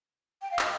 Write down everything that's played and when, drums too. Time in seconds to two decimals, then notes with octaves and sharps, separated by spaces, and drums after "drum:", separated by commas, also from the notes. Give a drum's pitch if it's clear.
0.42 G5
0.51 F5
0.59 D#5, drum: clap